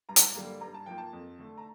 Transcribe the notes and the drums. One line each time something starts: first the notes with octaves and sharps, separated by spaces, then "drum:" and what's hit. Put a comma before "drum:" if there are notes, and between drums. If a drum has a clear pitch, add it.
G2 A#5
A5, drum: hi-hat
A#5
D3 G3 A#3
G2 A#5
A5
F3 A#3 G5
A5
F2
D3 A3
A#5